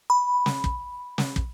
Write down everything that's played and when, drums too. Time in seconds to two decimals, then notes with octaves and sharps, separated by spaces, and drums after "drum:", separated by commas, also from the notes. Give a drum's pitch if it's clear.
0.10 B5
0.46 drum: snare
0.64 drum: kick
1.18 drum: snare
1.36 drum: kick